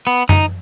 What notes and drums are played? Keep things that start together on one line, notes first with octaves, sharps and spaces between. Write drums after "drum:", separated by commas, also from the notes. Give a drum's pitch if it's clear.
B3
D#4, drum: tom F#2